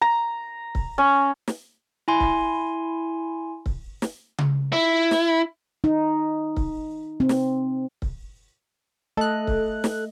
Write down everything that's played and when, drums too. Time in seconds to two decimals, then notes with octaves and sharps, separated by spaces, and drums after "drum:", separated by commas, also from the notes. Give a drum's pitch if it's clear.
0.01 A#5
0.75 drum: kick C#1
0.98 C#4
1.48 drum: snare
2.08 E4 G#5 C6
2.20 drum: kick C#1
3.66 drum: kick C#1
4.02 drum: snare
4.38 drum: tom C#3
4.73 E4
5.11 drum: snare
5.84 D#4
6.57 drum: kick C#1
7.20 C4
7.29 drum: snare
8.02 drum: kick C#1
9.17 A3 A4 D#5 F#6
9.47 drum: kick C#1
9.84 drum: snare